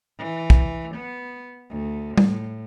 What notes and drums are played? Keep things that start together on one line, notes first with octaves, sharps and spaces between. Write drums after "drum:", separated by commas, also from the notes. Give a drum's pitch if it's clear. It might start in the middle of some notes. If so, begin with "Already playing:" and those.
E3
drum: kick
B3
D2
A2, drum: tom G3